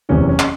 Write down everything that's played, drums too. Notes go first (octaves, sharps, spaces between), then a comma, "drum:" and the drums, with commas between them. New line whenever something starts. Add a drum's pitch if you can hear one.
F#1 E2 C3 E3 C#4
C#4
drum: clap